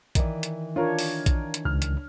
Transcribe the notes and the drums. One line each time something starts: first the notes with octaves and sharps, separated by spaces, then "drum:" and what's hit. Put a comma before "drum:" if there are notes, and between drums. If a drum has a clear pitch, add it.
D#3 E3 D5, drum: kick A#1, hi-hat
drum: hi-hat
D4 F4 A#4 C#5
drum: open hi-hat
drum: kick A#1, hi-hat
drum: hi-hat
C#2 F6
drum: hi-hat